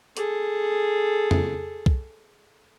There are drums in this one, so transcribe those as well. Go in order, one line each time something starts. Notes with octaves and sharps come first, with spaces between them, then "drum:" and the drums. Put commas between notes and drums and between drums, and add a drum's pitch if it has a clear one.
G#4 A4, drum: hi-hat
drum: tom F2
drum: kick